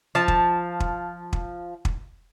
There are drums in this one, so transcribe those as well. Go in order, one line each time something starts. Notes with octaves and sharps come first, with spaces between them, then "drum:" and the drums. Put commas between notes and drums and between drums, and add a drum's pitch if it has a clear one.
F3 A5
drum: kick
drum: kick
drum: kick
drum: kick